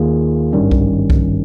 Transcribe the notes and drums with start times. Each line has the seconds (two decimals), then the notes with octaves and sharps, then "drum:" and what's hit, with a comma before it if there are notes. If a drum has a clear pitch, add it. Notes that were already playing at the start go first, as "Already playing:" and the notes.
Already playing: D#2 D#3 A#3 F4 G#4
0.53 G#1 G2 D#3 G3 C#4
0.71 drum: kick B1
1.10 drum: kick B1